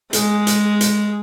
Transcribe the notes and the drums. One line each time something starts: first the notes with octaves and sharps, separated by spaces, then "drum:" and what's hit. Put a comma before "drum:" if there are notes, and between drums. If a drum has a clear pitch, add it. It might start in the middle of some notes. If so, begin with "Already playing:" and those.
G#3 G#4, drum: hi-hat
drum: hi-hat
drum: hi-hat